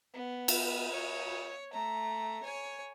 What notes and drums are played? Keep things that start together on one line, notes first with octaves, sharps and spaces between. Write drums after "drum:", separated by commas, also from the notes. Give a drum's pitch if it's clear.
B3
drum: cymbal
C#5
A3 A#5
C#5 G#5